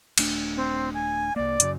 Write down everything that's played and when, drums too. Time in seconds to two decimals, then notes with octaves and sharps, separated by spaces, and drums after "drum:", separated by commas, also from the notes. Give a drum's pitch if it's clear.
0.18 D#1 A3 D4, drum: cymbal
0.56 C4
0.94 G#5
1.36 C2 A#3 D5
1.60 F#2 C#3 F#3, drum: hi-hat